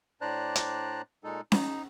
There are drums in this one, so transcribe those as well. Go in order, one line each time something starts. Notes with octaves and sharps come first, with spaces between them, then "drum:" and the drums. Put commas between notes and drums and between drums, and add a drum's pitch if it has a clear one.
A2 D4 C5 D5 A#5 F#6
drum: hi-hat
A#2 G#3 D#4 A4
D#4, drum: snare C#4